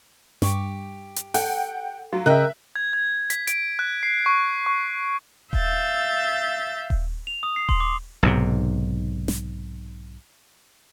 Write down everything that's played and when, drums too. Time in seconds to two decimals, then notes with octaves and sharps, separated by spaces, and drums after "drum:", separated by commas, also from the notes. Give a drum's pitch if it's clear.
0.42 G2 G4 C#6 D6, drum: snare
1.16 drum: hi-hat
1.34 A4 F#5 G5, drum: open hi-hat
2.13 F#3 F4
2.26 C#3 A#4 D#5 E5 G5 F#6
2.76 G#6
2.93 G#6
3.30 B6, drum: hi-hat
3.47 D7, drum: hi-hat
3.79 F#6
4.03 C7
4.26 C#6
4.66 C#6
5.53 E5 F5 E6 G6 A6, drum: kick D#1
6.90 drum: kick D#1
7.27 F7
7.43 D#6
7.56 C7
7.69 C6, drum: kick D#1
7.80 D6
8.23 B1 G#2 C3
9.28 drum: snare